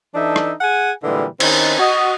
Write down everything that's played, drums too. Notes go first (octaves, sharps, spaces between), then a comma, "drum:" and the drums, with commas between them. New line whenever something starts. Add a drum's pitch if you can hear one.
E3 D4 D#4 A4 E5
drum: rim click
G#4 F#5 G#5
A#2 D3 E3 G3 G#3
D#3 C4 C#4 D#4 E4, drum: cymbal
F#4 D#5